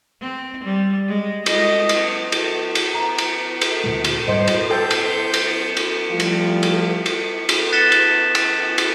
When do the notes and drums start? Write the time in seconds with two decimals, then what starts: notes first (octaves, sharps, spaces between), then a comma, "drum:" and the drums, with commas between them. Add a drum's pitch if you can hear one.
0.20 C4
0.64 G3
1.07 G#3
1.46 D#5, drum: cymbal
1.89 drum: cymbal
2.32 drum: cymbal
2.75 drum: cymbal
2.94 A#5
3.18 drum: cymbal
3.61 drum: cymbal
3.84 D2 A#2 G#3
4.04 drum: cymbal
4.28 G#2 G3 C5 D#5
4.47 drum: cymbal
4.70 A4 C5 G5 G6
4.91 drum: cymbal
5.34 drum: cymbal
5.77 drum: cymbal
6.10 F3 G3 A3 F4
6.20 drum: cymbal
6.63 drum: cymbal
7.06 drum: cymbal
7.49 drum: cymbal
7.72 F#6 A6 B6 C#7 E7 G7
7.92 drum: cymbal
8.35 drum: cymbal
8.78 drum: cymbal